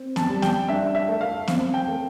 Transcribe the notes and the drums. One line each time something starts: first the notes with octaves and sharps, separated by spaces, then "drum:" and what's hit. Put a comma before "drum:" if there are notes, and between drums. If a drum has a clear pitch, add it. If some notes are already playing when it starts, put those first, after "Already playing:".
Already playing: C4
A5, drum: snare B3
G3
G5, drum: snare B3
D4 E5
E5
A3
F5
C4 F5, drum: snare B3
G5
A3